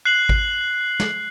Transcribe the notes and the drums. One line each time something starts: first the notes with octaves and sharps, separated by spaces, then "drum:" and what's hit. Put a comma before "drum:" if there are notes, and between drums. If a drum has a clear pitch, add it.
F#6 C7 F#7
drum: kick G#1
drum: snare